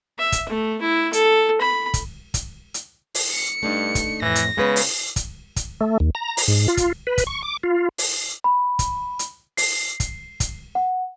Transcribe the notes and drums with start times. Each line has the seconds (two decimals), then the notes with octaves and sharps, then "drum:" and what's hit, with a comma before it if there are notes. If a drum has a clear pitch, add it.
0.19 E5
0.32 drum: kick, hi-hat
0.49 A3
0.81 E4
1.13 A4, drum: hi-hat
1.61 B5
1.94 drum: kick, hi-hat
2.34 drum: kick, hi-hat
2.74 drum: hi-hat
3.15 drum: open hi-hat
3.32 C#7
3.63 G2 A3 D4 D#4
3.95 drum: kick, hi-hat
4.22 F2 A2 E3 A#6
4.35 drum: hi-hat
4.57 C#3 G#3 B3 B4
4.76 drum: open hi-hat
5.16 drum: kick, hi-hat
5.56 drum: kick, hi-hat
5.81 A3
6.00 D#2
6.15 A#5
6.37 drum: open hi-hat
6.48 G#2
6.68 F4
6.77 drum: kick, hi-hat
7.07 B4
7.18 drum: kick, hi-hat
7.27 C#6
7.43 D6
7.63 F4
7.98 drum: open hi-hat
8.44 B5
8.79 drum: kick, hi-hat
9.19 drum: hi-hat
9.57 C7, drum: open hi-hat
10.00 drum: kick, hi-hat
10.40 drum: kick, hi-hat
10.75 F#5